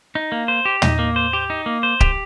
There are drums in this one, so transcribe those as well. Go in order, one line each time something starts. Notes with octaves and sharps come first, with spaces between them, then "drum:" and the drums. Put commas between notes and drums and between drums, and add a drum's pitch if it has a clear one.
D#4
A#3
C5
G4
D#4, drum: tom
A#3
C5
G4
D#4
A#3
C5
G4, drum: kick D1